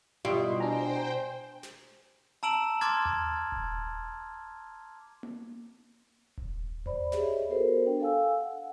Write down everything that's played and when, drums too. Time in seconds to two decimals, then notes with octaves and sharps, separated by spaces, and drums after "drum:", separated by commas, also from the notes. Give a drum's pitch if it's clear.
0.25 B2 G3 E4 F4 G5 C6 D#6
0.60 D4 C5 G5 G#5 A#5
1.63 drum: snare
2.43 A5 A#5 E6 D7 E7 F#7
2.81 A5 C6 D6 F6 G#6 A6, drum: hi-hat
3.05 drum: tom D#2
3.52 drum: kick D#1
5.23 drum: tom A#3
6.37 drum: kick D#1
6.86 C5 D5 B5, drum: tom D#2
7.12 G4 G#4 C#5 D#5 E5, drum: snare
7.49 B3 F#4 G4 A4 A#4 C5
7.86 D4 G5
8.00 A4 F5 G#5 E6
8.41 F#5